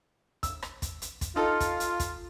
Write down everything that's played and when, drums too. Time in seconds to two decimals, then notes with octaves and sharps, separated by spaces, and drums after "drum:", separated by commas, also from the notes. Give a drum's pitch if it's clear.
0.43 E6, drum: kick, hi-hat
0.62 drum: rim click
0.82 drum: kick, hi-hat
1.02 drum: hi-hat
1.21 drum: kick, hi-hat
1.36 D#4 F4 A4
1.60 drum: kick, hi-hat
1.80 drum: hi-hat
2.00 drum: kick, hi-hat